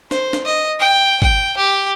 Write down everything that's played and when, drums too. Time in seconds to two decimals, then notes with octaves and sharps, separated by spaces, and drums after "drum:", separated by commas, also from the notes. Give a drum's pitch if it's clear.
0.11 C5, drum: snare
0.33 drum: snare
0.45 D#5
0.80 G5
1.22 G5, drum: kick
1.58 G4